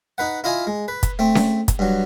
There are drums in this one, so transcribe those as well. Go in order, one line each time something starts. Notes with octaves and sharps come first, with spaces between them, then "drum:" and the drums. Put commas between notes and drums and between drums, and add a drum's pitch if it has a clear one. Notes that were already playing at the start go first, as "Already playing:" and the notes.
D#4 B4 F#5
E4 F4 D#5 F5 G#5
G#3
B4
drum: kick, hi-hat
A3 C4
drum: snare C#4
drum: kick, hi-hat
G2 F#3